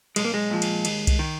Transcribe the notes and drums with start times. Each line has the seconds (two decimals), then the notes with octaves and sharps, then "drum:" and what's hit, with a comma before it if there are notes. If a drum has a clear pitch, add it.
0.16 B1 G#3, drum: cymbal
0.25 A#3
0.34 G#3
0.50 A#2 F3
0.62 drum: cymbal
0.85 D#2, drum: cymbal
1.07 drum: kick C2, cymbal
1.19 D#3